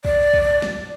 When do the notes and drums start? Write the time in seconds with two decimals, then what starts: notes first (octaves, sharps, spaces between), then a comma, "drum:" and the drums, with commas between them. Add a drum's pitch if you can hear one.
0.05 D5, drum: kick
0.33 drum: kick
0.62 drum: snare